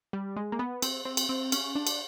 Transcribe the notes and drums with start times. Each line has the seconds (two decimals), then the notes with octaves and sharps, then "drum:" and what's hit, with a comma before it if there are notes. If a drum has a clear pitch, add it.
0.13 G3
0.36 G#3
0.52 A#3
0.59 B3
0.82 C4, drum: cymbal
1.05 C4
1.17 drum: cymbal
1.29 C4
1.52 C#4, drum: cymbal
1.75 D4
1.87 drum: cymbal